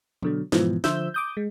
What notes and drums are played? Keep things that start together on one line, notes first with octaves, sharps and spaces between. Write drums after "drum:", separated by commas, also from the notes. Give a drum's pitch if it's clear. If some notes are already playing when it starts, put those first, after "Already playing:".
B2 D3 F#3, drum: tom E3
G#2 B2 E3 F3, drum: snare
D3 F3 C5 E5 E6 G6, drum: snare
D6 D#6 G6
G#3